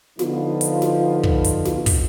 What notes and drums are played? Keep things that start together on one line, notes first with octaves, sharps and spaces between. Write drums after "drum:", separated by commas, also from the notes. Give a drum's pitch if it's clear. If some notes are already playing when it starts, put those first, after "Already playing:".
D3 F3 B3 D#4 F4, drum: snare
drum: hi-hat
drum: snare
drum: kick
drum: hi-hat
drum: snare
drum: kick, open hi-hat